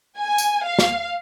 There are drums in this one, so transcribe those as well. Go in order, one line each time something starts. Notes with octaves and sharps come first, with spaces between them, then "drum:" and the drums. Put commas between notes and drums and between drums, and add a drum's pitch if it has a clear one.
G#5
drum: tambourine
F5
drum: snare